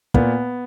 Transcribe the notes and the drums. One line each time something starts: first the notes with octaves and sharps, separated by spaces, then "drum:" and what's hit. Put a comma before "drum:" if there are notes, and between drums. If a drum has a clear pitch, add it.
A#2 B3, drum: kick